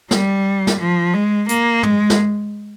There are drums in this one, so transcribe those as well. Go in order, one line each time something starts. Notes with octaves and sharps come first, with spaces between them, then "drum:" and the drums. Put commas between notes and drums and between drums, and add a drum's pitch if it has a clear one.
G3, drum: snare
drum: snare
F3
G#3
A#3, drum: hi-hat
G#3, drum: tom
drum: snare